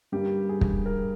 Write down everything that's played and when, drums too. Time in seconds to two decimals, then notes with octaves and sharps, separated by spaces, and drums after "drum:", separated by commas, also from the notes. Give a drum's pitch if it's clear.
0.12 G2 D3 G3 A#3 G4
0.49 G#4
0.61 drum: kick
0.86 A#4